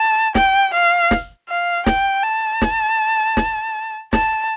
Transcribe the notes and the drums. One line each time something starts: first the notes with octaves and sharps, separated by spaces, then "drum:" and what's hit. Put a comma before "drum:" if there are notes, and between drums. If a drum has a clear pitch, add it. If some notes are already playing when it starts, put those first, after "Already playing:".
Already playing: A5
G5, drum: snare
F5
drum: snare
F5
G5, drum: snare
A5
drum: snare
drum: snare
A5, drum: snare